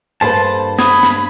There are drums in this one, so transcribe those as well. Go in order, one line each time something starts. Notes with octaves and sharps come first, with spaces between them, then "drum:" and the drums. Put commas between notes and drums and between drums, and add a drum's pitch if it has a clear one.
G2 A#3 A4 B4 C5 A5
B5 D#6 G#6, drum: snare
drum: snare